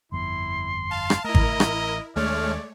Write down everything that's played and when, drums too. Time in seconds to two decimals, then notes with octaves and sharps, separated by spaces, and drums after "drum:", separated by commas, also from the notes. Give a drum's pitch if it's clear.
0.12 G1 F2 B3 E4 C6
0.91 F5 A5
1.10 drum: rim click
1.24 A3 E4 A#4 D#5 A#5
1.35 drum: kick G#1
1.60 A1, drum: rim click
2.16 D#2 G#3 A3 D4 C#5 D5 F6